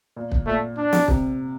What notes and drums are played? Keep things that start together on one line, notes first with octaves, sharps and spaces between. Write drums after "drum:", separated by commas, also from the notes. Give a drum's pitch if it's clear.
A#2
drum: kick
A#2 A3
D4
drum: snare
C3, drum: kick